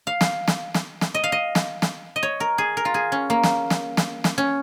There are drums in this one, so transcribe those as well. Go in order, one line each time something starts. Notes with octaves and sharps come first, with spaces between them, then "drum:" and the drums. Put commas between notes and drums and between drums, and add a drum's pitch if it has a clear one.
F5
drum: snare
drum: snare
drum: snare
drum: snare
D#5
F5
D#5
drum: snare
drum: snare
D#5
C#5
A#4
G#4
A#4
F4
G#4
C#4
A#3
drum: snare
drum: snare
drum: snare
drum: snare
C#4